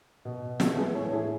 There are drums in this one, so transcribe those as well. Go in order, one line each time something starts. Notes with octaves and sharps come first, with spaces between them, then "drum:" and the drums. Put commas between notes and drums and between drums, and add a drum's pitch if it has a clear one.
B2
E3 F#4 A4, drum: snare
G#4 B4
A2 A4 C#5
E4 G#4